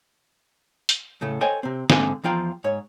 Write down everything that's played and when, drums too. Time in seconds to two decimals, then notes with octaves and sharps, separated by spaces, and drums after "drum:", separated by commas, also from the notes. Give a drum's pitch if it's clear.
0.89 drum: hi-hat
1.21 A2 C#3 A3
1.41 A4 C5 C#5 D#5 G5 G#5
1.63 C3 C4
1.90 G#2 D3 C4 F5 G#5, drum: snare
2.24 E2 F3 F4 G5 A#5
2.64 G#2 C#5